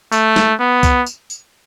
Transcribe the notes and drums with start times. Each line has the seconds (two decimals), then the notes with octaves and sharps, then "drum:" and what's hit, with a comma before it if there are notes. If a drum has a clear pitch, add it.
0.12 A3, drum: tambourine
0.36 drum: snare
0.60 B3
0.83 drum: kick C2, tambourine
1.06 drum: tambourine
1.30 drum: tambourine